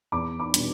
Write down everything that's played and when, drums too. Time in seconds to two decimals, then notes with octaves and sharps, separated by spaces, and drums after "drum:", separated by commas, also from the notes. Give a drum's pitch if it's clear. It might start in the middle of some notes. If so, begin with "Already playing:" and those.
0.12 E2 B5 D6
0.40 B5 D6
0.54 B2 G3 D4, drum: hi-hat